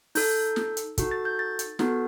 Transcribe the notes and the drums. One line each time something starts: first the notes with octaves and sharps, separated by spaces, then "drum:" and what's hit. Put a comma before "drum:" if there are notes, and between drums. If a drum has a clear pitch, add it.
D#4 A4 G6, drum: open hi-hat
drum: snare
drum: hi-hat
D#4 F#4 A4, drum: kick, hi-hat
A6
G6
A6
drum: hi-hat
B3 D#4 F#4 A4, drum: snare